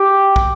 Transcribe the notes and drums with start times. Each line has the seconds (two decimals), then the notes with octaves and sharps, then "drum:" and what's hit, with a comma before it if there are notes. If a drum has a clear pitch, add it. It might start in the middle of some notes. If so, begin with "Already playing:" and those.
Already playing: G4
0.36 drum: kick